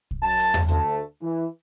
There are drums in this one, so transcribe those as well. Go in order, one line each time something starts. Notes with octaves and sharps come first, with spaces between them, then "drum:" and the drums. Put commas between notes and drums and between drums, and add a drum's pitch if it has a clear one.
drum: kick
F#2 A5
drum: hi-hat
drum: tom E2
D2 A3 A5, drum: hi-hat
E3